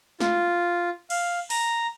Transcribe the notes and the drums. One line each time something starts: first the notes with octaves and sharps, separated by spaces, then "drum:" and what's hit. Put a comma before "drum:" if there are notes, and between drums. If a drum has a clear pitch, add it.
F4, drum: snare
F5, drum: cymbal
A#5, drum: open hi-hat